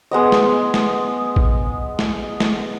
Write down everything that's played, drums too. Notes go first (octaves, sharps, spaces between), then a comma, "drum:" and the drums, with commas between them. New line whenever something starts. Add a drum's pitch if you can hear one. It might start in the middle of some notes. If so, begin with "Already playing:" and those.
G#3 B3 D#5
drum: snare
drum: snare
drum: kick A1
drum: snare
drum: snare